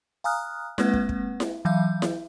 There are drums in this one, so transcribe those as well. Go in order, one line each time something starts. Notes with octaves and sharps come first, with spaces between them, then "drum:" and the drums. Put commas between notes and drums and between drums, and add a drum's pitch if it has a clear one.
F5 G#5 A#5 D#6 F6 F#6
G#3 A#3 C4 B4 F#5, drum: snare E4
drum: kick
drum: kick
drum: snare E4
E3 F#3 E5 F5 G6
drum: snare E4